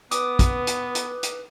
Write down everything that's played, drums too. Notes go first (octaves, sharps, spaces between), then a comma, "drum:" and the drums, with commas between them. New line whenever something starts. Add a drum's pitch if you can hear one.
B3 B4 D6 D#6, drum: hi-hat
drum: kick, hi-hat
drum: hi-hat
drum: hi-hat
drum: hi-hat